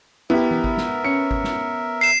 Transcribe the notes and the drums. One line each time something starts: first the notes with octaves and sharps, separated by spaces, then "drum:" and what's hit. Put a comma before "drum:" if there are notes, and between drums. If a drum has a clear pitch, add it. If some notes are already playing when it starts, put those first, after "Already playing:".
B3 E4 G4 A#4 E5
drum: tom E3
drum: kick G#1
drum: snare
C#4 C#7
drum: kick G#1
drum: snare
C7 E7